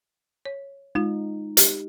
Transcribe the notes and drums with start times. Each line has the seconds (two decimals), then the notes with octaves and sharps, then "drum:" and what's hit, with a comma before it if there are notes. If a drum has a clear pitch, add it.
0.46 C#5
0.95 G#3 D#4 F4
1.57 G4, drum: hi-hat